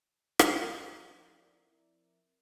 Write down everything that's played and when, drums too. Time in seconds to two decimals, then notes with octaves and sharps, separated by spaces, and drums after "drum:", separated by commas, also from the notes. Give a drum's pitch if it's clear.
0.39 drum: rim click
0.96 F3 C4 E4 A#4 D5 E5